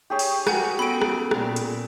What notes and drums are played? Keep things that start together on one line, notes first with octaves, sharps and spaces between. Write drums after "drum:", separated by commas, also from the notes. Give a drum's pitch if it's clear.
G4 G#4 C#5
drum: open hi-hat
F#4 A#4 F#5 G#5 G6, drum: rim click
B3 C#4 A4 B5 D7
drum: rim click
A#2, drum: rim click
drum: hi-hat